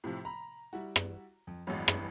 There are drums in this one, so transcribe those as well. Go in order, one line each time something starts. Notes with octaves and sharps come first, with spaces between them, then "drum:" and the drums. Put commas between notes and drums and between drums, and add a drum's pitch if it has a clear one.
A2 C3 F3
A#5 B5
G3 E4 F#4
drum: rim click
F2
A1 E2 G2 F#3 G#3
drum: rim click